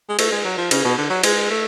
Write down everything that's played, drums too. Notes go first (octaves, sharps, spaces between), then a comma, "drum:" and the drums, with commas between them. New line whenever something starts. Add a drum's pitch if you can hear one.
G#3
A3, drum: cymbal
G#3
F#3
F3
C#3, drum: cymbal
B2
D3
F#3
G#3, drum: cymbal
A3